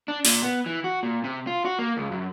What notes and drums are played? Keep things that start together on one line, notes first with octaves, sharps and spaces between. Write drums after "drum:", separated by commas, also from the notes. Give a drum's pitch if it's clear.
D4
A#2, drum: open hi-hat
B3
E3
F#4
A#2
C3
F4
F#4
A#3
C#2
F#2